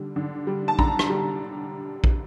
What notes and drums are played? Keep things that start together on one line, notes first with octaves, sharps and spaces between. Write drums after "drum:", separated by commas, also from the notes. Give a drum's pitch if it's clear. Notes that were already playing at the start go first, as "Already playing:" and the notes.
Already playing: D3 G3
D3
G3
A5
D3 A#5, drum: kick A#1
drum: rim click
G3
drum: kick A#1